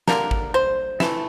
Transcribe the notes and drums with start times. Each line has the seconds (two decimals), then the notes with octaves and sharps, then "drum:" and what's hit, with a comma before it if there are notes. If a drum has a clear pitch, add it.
0.08 D3 G3 A#3 A#4, drum: snare
0.31 drum: kick
0.54 C5
1.00 E3 A3 E5, drum: snare